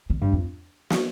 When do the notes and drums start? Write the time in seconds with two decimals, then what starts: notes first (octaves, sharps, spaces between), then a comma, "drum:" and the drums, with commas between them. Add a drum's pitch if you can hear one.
0.10 D#3
0.21 G2
0.32 F2
0.90 drum: snare